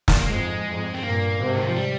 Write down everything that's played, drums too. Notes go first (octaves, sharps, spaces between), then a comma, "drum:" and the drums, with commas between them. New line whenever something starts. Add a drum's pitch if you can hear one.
drum: snare
A#3
F2 G#2 G#3
F2 G#2
C4
G2 A#2 A#3
G#2 C3
D3
D#3
F3
G3